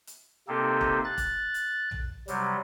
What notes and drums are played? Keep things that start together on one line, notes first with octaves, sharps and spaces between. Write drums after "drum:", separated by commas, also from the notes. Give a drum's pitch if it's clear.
drum: hi-hat
C3 A#3 C4 D#4 G4 A4
drum: kick E1
F#6 A6
drum: kick E1, hi-hat
drum: hi-hat
drum: tom
C3 F#3 G3, drum: hi-hat